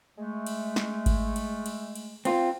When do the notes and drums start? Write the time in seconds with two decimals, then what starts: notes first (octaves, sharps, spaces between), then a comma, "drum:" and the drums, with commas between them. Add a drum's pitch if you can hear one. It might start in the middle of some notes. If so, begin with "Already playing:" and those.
0.18 G#3 A3
0.46 drum: cymbal
0.76 drum: snare
1.06 drum: kick G#1, cymbal
1.36 drum: cymbal
1.66 drum: cymbal
1.96 drum: cymbal
2.25 C4 F4, drum: cymbal